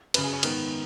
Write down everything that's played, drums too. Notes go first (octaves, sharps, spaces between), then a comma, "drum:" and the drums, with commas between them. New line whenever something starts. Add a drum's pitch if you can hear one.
F#2 C#3 B4, drum: cymbal
G#4
C#4
G#2 D#3 B3, drum: cymbal